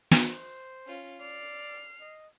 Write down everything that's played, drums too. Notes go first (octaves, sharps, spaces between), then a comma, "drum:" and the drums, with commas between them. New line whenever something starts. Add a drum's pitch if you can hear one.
drum: snare
C5
C#4 F4
D5 F6 C7
D#5